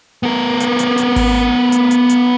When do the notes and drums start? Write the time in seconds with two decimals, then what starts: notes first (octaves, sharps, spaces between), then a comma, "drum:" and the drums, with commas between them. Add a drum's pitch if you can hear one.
0.23 B3 A#4
0.60 drum: hi-hat
0.79 drum: hi-hat
0.98 drum: hi-hat
1.16 drum: kick G#1, open hi-hat
1.72 drum: hi-hat
1.91 drum: hi-hat
2.09 drum: hi-hat